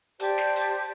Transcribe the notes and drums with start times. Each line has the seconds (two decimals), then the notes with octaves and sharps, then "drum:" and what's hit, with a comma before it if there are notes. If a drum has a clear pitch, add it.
0.20 G4 C5 D5 A5, drum: hi-hat
0.38 drum: snare
0.56 drum: hi-hat